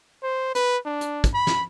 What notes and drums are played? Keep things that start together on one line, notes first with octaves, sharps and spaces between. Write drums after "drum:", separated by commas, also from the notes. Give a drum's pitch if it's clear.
C5
B4, drum: hi-hat
D4
drum: hi-hat
drum: kick, hi-hat
B5
drum: snare